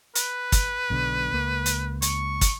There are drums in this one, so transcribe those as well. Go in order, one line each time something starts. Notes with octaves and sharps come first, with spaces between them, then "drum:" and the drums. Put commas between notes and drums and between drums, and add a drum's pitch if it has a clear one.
B4, drum: hi-hat
drum: kick, hi-hat
B1 B2 D3
C#2 A#3
drum: hi-hat
C#6, drum: hi-hat
drum: kick, hi-hat